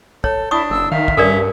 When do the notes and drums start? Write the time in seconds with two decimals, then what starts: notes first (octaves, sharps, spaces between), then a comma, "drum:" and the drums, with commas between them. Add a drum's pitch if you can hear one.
0.24 A4 C#5, drum: kick
0.51 D4 E4 C#6 D#6
0.70 F#1 E6
0.91 D#3 E5 F5
1.08 drum: kick
1.17 G2 C#4 A4 A#4 D5